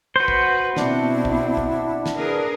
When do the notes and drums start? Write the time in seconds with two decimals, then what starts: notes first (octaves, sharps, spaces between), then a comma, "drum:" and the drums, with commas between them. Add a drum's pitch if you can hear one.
0.16 F#4 B4 C5
0.28 drum: kick
0.77 B2 C4 D4 E4, drum: snare
1.25 drum: kick
1.57 drum: kick
2.06 drum: snare
2.16 G#4 A#4 B4